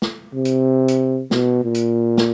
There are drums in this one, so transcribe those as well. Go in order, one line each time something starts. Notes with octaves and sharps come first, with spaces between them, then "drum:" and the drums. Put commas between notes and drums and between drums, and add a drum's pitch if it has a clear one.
drum: snare
C3
drum: hi-hat
drum: hi-hat
B2, drum: snare
A#2
drum: hi-hat
drum: snare